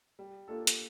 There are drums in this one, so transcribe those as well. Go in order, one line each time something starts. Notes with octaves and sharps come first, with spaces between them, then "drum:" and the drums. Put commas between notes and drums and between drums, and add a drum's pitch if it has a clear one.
G3
A#3 D4 F4 A4
drum: hi-hat